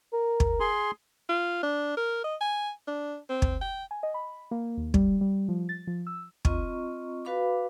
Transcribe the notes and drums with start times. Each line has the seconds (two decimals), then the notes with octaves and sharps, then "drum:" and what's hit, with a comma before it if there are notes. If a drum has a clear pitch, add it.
0.13 A#4
0.40 drum: kick
0.60 G#4 C6
1.29 F4
1.63 D4
1.97 A#4
2.24 D#5
2.41 G#5
2.88 D4
3.29 C4
3.42 drum: kick
3.61 G5
3.91 G#5
4.03 D#5
4.14 B5
4.51 A#3
4.77 D#2
4.94 G3, drum: kick
5.21 G3
5.49 F3
5.69 A6
5.87 F3
6.07 E6
6.45 C4 F4 D#5 A#5 C#6, drum: kick
7.25 F#4 B4 F5 B5 D6